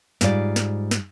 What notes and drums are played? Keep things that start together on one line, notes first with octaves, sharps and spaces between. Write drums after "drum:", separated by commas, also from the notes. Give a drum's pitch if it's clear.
G#2 G3 F4 D5, drum: snare
drum: snare
drum: snare